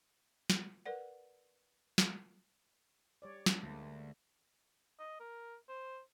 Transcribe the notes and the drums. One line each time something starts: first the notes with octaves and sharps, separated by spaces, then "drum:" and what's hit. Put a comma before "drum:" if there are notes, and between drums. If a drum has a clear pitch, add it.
drum: snare
A#4 B4 D5 F#5
drum: snare
G3 C#5 D5
D4, drum: snare
D2 D3 G#3 A#3
D#5
A#4
C5